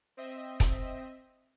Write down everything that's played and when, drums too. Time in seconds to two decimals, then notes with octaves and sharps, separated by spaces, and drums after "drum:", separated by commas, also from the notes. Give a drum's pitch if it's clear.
0.17 C4 D#5 E5
0.60 drum: kick, hi-hat